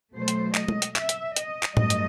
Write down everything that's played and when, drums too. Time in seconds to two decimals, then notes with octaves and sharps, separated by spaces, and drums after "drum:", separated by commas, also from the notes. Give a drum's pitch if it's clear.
0.14 B2 F#3 A3 C5
0.28 drum: hi-hat
0.55 D#5, drum: clap
0.68 drum: tom
0.82 drum: hi-hat
0.96 E5, drum: clap
1.09 drum: hi-hat
1.36 D#5, drum: hi-hat
1.63 drum: clap
1.77 G2 F#3 A3 D#5, drum: tom A2
1.90 drum: hi-hat